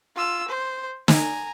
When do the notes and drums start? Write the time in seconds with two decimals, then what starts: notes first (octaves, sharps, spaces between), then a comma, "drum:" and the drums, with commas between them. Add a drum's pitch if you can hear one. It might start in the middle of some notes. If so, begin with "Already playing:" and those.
0.16 F4 E6
0.48 C5
1.08 G#5 A#5, drum: snare